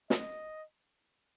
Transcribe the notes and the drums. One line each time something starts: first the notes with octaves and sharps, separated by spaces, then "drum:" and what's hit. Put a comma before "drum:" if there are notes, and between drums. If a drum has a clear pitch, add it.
D#5, drum: snare